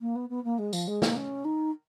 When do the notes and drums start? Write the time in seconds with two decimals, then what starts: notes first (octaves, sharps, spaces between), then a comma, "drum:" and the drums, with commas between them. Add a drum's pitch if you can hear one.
0.01 A#3
0.15 B3
0.29 B3
0.44 A#3
0.58 G#3
0.73 F3, drum: tambourine
0.87 G#3
1.02 A#3, drum: snare
1.16 C#4
1.45 D#4